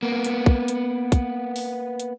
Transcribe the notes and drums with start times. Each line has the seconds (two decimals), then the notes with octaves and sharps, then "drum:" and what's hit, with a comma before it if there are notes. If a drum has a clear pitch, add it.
0.03 A#3 B3
0.24 drum: hi-hat
0.46 drum: kick
0.68 drum: hi-hat
1.12 drum: kick, hi-hat
1.56 drum: open hi-hat
2.00 drum: hi-hat